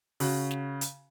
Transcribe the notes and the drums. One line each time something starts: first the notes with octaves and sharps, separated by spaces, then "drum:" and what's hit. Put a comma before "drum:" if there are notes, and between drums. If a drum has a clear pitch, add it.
C#3 F#4, drum: open hi-hat
drum: snare
drum: hi-hat